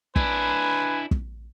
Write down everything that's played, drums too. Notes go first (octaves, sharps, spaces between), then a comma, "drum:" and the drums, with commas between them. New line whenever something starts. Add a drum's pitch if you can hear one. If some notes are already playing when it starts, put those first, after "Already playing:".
D4 E4 B4 G#5, drum: kick
drum: kick